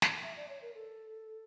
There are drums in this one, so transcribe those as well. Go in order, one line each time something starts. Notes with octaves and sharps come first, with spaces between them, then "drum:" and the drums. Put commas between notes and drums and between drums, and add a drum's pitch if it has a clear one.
drum: snare
E5
D5
C#5
A#4
A4